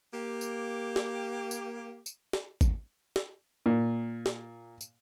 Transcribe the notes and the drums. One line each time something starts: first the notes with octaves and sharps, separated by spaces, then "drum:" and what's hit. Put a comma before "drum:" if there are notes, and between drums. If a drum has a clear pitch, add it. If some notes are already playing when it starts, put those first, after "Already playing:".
A#3 G4
drum: tambourine
drum: snare
drum: tambourine
drum: tambourine
drum: snare
drum: kick G#1, tambourine
drum: snare
A#2
drum: snare
drum: tambourine